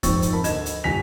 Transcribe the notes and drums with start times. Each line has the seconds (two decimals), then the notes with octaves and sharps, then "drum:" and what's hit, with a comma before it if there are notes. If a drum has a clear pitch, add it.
0.03 F1 G#2 C4 C#6 E6 A6, drum: kick, hi-hat
0.22 drum: hi-hat
0.33 A#4 A5 B5
0.44 D2 D3 D#5 G#6 E7, drum: hi-hat
0.66 drum: hi-hat
0.84 G1 C2 G#5 B6 F7